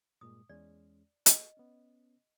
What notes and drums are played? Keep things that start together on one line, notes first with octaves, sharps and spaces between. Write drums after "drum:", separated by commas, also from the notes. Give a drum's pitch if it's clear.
G2 A#2 G#3 D#6
E2 G#3 C#4 D5
G#4 A4 D#5 C#6, drum: hi-hat
B3 C#4